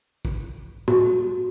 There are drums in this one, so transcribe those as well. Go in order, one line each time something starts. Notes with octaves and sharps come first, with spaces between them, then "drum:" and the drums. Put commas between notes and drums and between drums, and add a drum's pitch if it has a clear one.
drum: kick
F#4, drum: tom